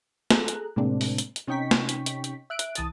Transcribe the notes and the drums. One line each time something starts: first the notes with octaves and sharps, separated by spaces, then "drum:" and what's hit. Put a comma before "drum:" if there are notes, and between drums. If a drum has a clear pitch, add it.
G#4 A4 A#5 F#6, drum: snare
drum: hi-hat
A2 C3 G#3 A#3 C4 D4
drum: open hi-hat
drum: hi-hat
drum: hi-hat
C3 C#4 D#4 G5 C#6 B6
drum: snare
drum: hi-hat
drum: hi-hat
drum: hi-hat
E5 F#6 D7
drum: hi-hat
C2 E3 A5 D#6 A6, drum: hi-hat